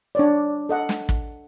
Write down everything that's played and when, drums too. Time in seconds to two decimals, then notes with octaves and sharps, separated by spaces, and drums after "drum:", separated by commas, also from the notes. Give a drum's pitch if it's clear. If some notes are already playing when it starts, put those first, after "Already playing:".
0.15 D4 C#5 D5
0.69 A4 D#5 F#5
0.89 drum: snare
1.09 drum: kick